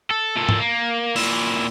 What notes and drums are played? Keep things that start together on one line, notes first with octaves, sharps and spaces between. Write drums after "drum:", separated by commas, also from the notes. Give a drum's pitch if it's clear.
A4
A#2 A4
drum: tom
A#3
A#2 E4, drum: open hi-hat